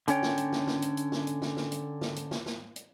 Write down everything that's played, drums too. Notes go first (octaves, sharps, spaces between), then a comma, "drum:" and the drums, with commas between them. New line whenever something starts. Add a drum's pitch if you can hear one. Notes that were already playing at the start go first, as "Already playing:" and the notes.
D3 C#4 C#5 G5, drum: hi-hat
drum: snare
drum: hi-hat
drum: snare
drum: snare
drum: hi-hat
drum: hi-hat
drum: snare
drum: hi-hat
drum: snare
drum: snare
drum: hi-hat
drum: snare
drum: hi-hat
drum: snare
drum: snare
drum: hi-hat